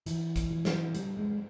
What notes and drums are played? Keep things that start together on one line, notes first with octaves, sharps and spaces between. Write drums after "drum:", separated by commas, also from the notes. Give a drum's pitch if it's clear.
E3, drum: hi-hat
drum: kick, hi-hat
E3
drum: snare
G3, drum: hi-hat
G#3